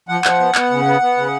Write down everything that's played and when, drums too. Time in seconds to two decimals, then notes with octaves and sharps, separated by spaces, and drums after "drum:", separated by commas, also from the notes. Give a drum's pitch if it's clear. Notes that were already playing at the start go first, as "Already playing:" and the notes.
0.08 F3 F#5
0.24 F3, drum: clap
0.40 B3
0.55 B3, drum: clap
0.71 C#3
0.86 B3
1.02 B3
1.17 C#3